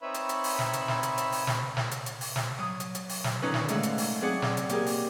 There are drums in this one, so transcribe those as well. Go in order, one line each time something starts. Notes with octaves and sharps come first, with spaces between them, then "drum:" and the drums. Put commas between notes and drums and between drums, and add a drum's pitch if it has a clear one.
C4 D#4 B4 C#5 E5 B5
drum: hi-hat
drum: hi-hat
drum: open hi-hat
drum: snare
drum: hi-hat
drum: snare
drum: hi-hat
drum: hi-hat
drum: open hi-hat
drum: snare
drum: snare
drum: hi-hat
drum: hi-hat
drum: open hi-hat
drum: snare
F#3 D#6
drum: hi-hat
drum: hi-hat
drum: open hi-hat
drum: snare
D3 D#3 C#4 D#4 F4 B4
drum: snare
G#2 A3 F5 F#5 E6, drum: hi-hat
drum: hi-hat
drum: open hi-hat
F#3 C4 G#4 D5 F#5
drum: snare
drum: hi-hat
A#3 G4 G#4 A#4, drum: hi-hat
drum: open hi-hat